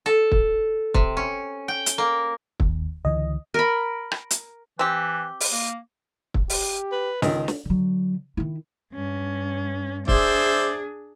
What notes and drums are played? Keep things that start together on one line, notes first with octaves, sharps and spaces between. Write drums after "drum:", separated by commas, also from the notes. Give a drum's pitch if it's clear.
A4
drum: kick
C3, drum: kick
C#4
G5
drum: hi-hat
A#3
D#2, drum: kick
C#2 D3 E3 D#5
A#4 B5
drum: rim click
drum: hi-hat
E3 C4 G4
drum: open hi-hat
A#3
drum: kick
G4, drum: open hi-hat
B4
C#2 D#3 D#5, drum: snare
drum: snare
D3 F#3
D#3 E4
G2 C#4
D4 G#4 C5 D5 E5, drum: kick